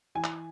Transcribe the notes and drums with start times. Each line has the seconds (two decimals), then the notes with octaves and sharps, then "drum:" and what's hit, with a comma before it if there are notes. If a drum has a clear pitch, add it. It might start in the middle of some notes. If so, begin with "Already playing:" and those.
0.15 E3 G#5
0.24 drum: clap